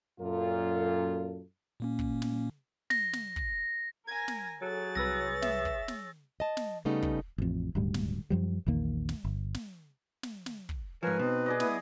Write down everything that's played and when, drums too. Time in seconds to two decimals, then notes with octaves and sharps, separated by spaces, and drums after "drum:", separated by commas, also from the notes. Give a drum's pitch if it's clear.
0.20 F#2 A#2 F4 A4
1.80 A#2 A#3 C#4
1.99 drum: kick
2.22 drum: snare
2.90 A#6, drum: snare
3.13 drum: snare
3.36 drum: kick
4.07 A#4 G#5 G#6 A#6
4.28 drum: snare
4.62 F#3 G#4 A4 C#5 A6
4.95 C2 B4 E6 A#6
5.42 E5, drum: snare
5.65 drum: kick
5.88 drum: snare
6.40 D#5 A5
6.57 drum: snare
6.85 C#3 G3 A3 B3 D#4
7.03 drum: kick
7.38 A1 F2
7.75 D#1 D2 G#2 G3
7.94 drum: snare
8.30 F#2 F3 G3
8.66 A#1 E2 D#3 A#3
9.09 drum: snare
9.25 G1
9.54 drum: snare
10.23 drum: snare
10.46 drum: snare
10.69 drum: kick
11.03 G#2 F3 A#4 B4 C#5 G#5
11.19 B2 C4 D#4
11.46 G#4 D5 D#5
11.60 B3 E4 D#6, drum: snare